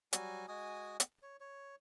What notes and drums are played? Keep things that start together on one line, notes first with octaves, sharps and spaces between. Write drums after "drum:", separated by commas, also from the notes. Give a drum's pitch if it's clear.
F#3 G3 F#4 G#5, drum: hi-hat
G#3 F#4 G#5 D#6
drum: hi-hat
C#5
C#5